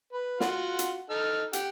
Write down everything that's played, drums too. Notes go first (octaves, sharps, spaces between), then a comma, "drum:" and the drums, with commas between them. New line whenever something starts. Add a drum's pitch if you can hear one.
B4
F4 F#4 F#5, drum: snare
drum: hi-hat
D#4 A4 F6
G4 F#5, drum: hi-hat